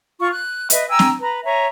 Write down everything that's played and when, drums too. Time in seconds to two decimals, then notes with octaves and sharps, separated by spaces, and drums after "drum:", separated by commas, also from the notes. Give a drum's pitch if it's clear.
0.19 F4 C#6
0.33 F#6
0.70 B4 D#5 E5, drum: hi-hat
0.89 G5 G#5 A#5 E6
0.99 drum: snare
1.20 B4 A#5
1.44 C#5 E5 G#5 A#5